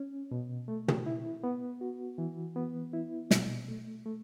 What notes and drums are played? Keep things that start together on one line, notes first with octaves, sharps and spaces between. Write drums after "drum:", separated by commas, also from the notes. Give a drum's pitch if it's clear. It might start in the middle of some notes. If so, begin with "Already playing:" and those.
Already playing: C#4
B2
A3
drum: tom
E4
B3
F#4
E3
B3
E4
B2, drum: snare
A3
A3